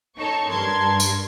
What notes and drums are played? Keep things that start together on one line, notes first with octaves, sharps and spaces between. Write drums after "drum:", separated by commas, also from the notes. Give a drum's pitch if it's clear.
D#4 A4 C#5 A5 C#6
G2 A#4 A5 C6 G#6
drum: tambourine